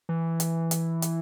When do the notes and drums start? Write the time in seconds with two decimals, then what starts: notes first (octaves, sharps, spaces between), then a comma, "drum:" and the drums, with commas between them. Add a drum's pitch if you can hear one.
0.09 E3
0.40 drum: hi-hat
0.71 drum: hi-hat
1.02 drum: hi-hat